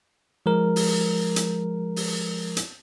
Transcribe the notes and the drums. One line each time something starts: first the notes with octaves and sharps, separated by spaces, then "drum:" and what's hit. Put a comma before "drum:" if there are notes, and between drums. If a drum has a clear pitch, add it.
F3 G#3 A#4
drum: open hi-hat
drum: hi-hat
drum: open hi-hat
drum: hi-hat